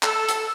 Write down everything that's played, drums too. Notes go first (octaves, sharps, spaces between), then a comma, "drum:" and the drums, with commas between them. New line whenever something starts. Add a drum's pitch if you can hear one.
A4, drum: clap
drum: hi-hat